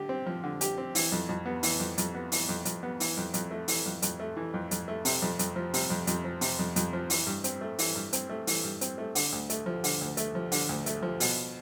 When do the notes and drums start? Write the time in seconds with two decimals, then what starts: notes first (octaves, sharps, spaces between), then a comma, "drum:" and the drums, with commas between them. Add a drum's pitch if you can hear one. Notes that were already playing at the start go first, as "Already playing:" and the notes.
Already playing: D3 G4
0.09 C4
0.26 F3
0.44 D3
0.61 G4, drum: hi-hat
0.78 C4
0.95 E3, drum: open hi-hat
1.12 F2
1.29 F2
1.46 B3
1.63 E3, drum: open hi-hat
1.80 F2
1.98 F2, drum: hi-hat
2.15 B3
2.32 E3, drum: open hi-hat
2.49 F2
2.65 F2, drum: hi-hat
2.83 B3
3.00 E3, drum: open hi-hat
3.17 F2
3.34 F2, drum: hi-hat
3.51 A3
3.68 E3, drum: open hi-hat
3.86 F2
4.02 F2, drum: hi-hat
4.20 A3
4.37 E3
4.54 F2
4.71 F2, drum: hi-hat
4.88 A3
5.05 C3, drum: open hi-hat
5.22 F2
5.39 F2, drum: hi-hat
5.56 F3
5.74 C3, drum: open hi-hat
5.90 F2
6.07 F2, drum: hi-hat
6.24 F3
6.41 C3, drum: open hi-hat
6.59 F2
6.76 F2, drum: hi-hat
6.93 F3
7.10 E3, drum: open hi-hat
7.27 G2
7.44 C4, drum: hi-hat
7.61 A3
7.79 E3, drum: open hi-hat
7.96 G2
8.13 C4, drum: hi-hat
8.30 A3
8.47 E3, drum: open hi-hat
8.64 G2
8.81 C4, drum: hi-hat
8.98 A3
9.15 D3, drum: open hi-hat
9.32 D2
9.50 A3, drum: hi-hat
9.66 F3
9.84 D3, drum: open hi-hat
10.01 D2
10.17 A3, drum: hi-hat
10.35 F3
10.52 D3, drum: open hi-hat
10.69 D2
10.86 A3, drum: hi-hat
11.03 F3
11.20 B2, drum: open hi-hat